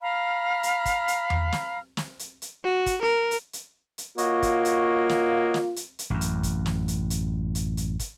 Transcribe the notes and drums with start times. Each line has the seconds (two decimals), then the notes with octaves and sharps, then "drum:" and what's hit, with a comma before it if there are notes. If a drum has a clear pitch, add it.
0.01 F5 A#5 B5 F6
0.63 drum: hi-hat
0.85 drum: kick, hi-hat
1.08 drum: hi-hat
1.30 drum: tom E2
1.52 drum: snare
1.97 drum: snare
2.19 drum: hi-hat
2.42 drum: hi-hat
2.64 F#4
2.86 drum: kick, hi-hat
3.02 A#4
3.31 drum: hi-hat
3.53 drum: hi-hat
3.98 drum: hi-hat
4.18 A#3 F4 F#4 C#5 D#5, drum: hi-hat
4.42 drum: kick, hi-hat
4.65 drum: hi-hat
5.09 drum: snare
5.54 drum: snare
5.76 drum: hi-hat
5.99 drum: hi-hat
6.10 A1 F#2
6.21 drum: hi-hat
6.43 drum: kick, hi-hat
6.66 drum: snare
6.88 drum: hi-hat
7.10 drum: hi-hat
7.55 drum: hi-hat
7.77 drum: hi-hat
7.99 drum: kick, hi-hat